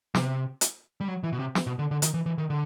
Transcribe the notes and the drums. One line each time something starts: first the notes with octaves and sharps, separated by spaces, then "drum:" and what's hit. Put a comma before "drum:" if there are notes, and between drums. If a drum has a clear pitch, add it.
C3, drum: snare
drum: hi-hat
G3
F#3
E3
B2
C3
drum: snare
B2
D3
D3
D#3, drum: hi-hat
E3
E3
D#3
D3